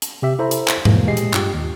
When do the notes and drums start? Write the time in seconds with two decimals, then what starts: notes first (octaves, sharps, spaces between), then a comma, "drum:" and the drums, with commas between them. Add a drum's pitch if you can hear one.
0.02 drum: hi-hat
0.22 C3 G4 E5
0.39 E4 A4 C5 E5 A#5 B5
0.51 drum: hi-hat
0.68 drum: clap
0.85 E2 B2 E3 G#3 A#3, drum: tom G#2
1.07 A#2 G#3 G4 G#4 D#5 C7
1.17 drum: hi-hat
1.33 G2 F4 G4, drum: clap
1.54 D#2